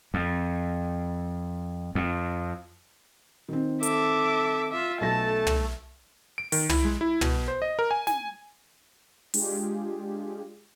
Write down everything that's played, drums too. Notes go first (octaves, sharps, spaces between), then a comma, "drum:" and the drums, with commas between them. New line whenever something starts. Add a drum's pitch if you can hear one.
F2
F2
D#3 C4
A4 E5 D6, drum: hi-hat
F4 E5
B1 A3 A4 A5 A#6
drum: tom
D7
D#3, drum: open hi-hat
E4, drum: tom
G#3
E4
B2, drum: tom
C5
D#5
A#4
G#5
G#5, drum: snare
G#3 D4 F4 G4 G#4, drum: open hi-hat